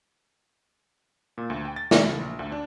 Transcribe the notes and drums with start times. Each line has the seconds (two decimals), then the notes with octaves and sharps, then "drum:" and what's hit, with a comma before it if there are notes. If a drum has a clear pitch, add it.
1.38 A#2
1.50 D2
1.65 G5
1.76 A6
1.91 E2, drum: snare
2.04 C#2
2.19 A#1
2.39 D2
2.52 D4